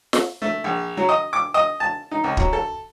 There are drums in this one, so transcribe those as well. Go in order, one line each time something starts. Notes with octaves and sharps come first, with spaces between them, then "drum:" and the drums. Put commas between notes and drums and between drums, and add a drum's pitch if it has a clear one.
drum: snare
A3
A#1
F#3
D#5
D6
D#5
A5
D#4
C#2
F#3, drum: kick
A4